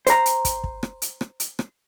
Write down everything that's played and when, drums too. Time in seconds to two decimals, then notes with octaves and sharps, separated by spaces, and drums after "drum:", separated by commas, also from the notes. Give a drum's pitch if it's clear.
0.07 C5 A#5, drum: hi-hat
0.26 drum: hi-hat
0.45 drum: kick, hi-hat
0.64 drum: kick
0.83 drum: rim click
1.02 drum: hi-hat
1.21 drum: rim click
1.40 drum: hi-hat
1.59 drum: rim click